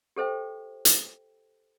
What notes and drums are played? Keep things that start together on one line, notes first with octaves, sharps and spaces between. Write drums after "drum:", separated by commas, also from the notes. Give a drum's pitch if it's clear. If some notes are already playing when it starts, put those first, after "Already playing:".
G4 A4 C5 E5 G5
drum: hi-hat